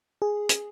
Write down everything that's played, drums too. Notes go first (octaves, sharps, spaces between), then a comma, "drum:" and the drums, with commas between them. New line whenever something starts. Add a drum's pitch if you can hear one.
G#4
drum: hi-hat